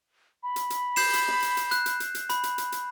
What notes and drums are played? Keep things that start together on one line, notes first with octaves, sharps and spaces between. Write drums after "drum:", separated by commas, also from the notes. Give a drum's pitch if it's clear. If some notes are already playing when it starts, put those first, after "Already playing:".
B5
drum: hi-hat
drum: hi-hat
G6 C7 E7, drum: open hi-hat
drum: hi-hat
drum: snare
drum: hi-hat
drum: hi-hat
F#6, drum: hi-hat
drum: hi-hat
drum: hi-hat
drum: hi-hat
B5, drum: hi-hat
drum: hi-hat
drum: hi-hat
drum: hi-hat